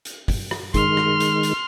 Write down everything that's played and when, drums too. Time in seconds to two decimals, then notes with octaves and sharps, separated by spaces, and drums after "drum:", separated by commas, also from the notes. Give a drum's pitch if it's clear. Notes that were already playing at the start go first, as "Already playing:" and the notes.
0.05 drum: hi-hat
0.28 drum: kick, open hi-hat
0.51 drum: rim click
0.74 D#3 G#3 C6 F6, drum: kick, hi-hat
0.97 drum: rim click
1.20 drum: hi-hat
1.43 drum: hi-hat